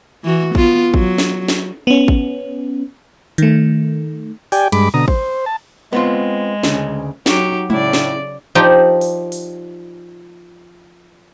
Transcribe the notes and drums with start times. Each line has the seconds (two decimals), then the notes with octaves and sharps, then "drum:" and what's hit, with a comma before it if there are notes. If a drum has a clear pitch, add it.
0.24 E3 F#4
0.55 B3 F4, drum: kick
0.94 F#3, drum: kick
1.18 drum: snare
1.48 drum: snare
1.87 B3 C#4
2.08 drum: kick
3.38 D#3 A3, drum: hi-hat
4.52 G4 D5 G5 G#5, drum: open hi-hat
4.72 G2 G#3 B5 D6, drum: cymbal
4.94 B2 D3 A#5 D#6
5.08 C5, drum: kick
5.46 A5
5.93 G#3 B3 C4 F4
6.63 D2 C#3, drum: snare
7.26 F#3 D#4 F#4 G4, drum: snare
7.70 A2 C#3 E4 D5, drum: tom G#3
7.93 drum: snare
8.55 F3 D#4 G4 D5
9.01 drum: open hi-hat
9.32 drum: open hi-hat